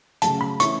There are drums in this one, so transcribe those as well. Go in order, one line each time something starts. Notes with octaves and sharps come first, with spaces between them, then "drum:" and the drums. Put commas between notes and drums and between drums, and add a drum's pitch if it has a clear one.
C#3 F#3 A3 A5, drum: hi-hat
B5
E3 A3 C#4 E4 C#6, drum: hi-hat